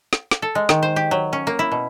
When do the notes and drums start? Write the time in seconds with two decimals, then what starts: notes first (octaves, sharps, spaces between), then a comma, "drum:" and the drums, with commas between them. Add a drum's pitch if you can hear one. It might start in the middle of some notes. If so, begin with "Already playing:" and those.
0.13 drum: snare
0.31 drum: snare
0.42 A4
0.55 G#3
0.69 D#3, drum: snare
0.83 C5
0.96 G4
1.11 F#3
1.33 C#4
1.47 A#3
1.59 E4
1.72 B2